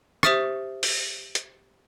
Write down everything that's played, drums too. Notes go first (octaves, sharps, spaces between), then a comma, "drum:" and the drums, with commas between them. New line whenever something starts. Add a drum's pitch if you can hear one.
G4 C5 E5 D#6 F6 A6, drum: rim click
drum: open hi-hat
drum: hi-hat